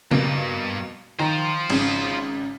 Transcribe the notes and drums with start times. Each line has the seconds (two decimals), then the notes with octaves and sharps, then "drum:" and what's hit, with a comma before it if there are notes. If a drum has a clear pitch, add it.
0.11 C#2 G2 B2 A#3, drum: tom C#3
1.19 D#3 F4 C5 A#5
1.70 G#1 C#3, drum: cymbal